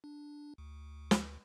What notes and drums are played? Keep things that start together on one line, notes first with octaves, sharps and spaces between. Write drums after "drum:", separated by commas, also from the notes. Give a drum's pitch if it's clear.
D4
D2
drum: snare